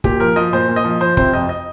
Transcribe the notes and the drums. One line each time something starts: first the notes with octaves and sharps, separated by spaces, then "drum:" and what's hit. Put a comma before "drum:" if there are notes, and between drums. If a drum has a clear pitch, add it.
A#2 G4, drum: kick
F3 A#4
F3 D#5
A#2 C5
A#2
D#5
F3
F3 C5
C3 C5, drum: kick
F2 D#5
D#5